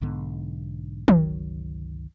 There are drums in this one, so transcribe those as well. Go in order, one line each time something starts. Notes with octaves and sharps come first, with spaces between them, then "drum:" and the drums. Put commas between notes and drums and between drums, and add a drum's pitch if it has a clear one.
B1 G#2 D3 B3
G1 C#2 D#3 F#3, drum: tom D#3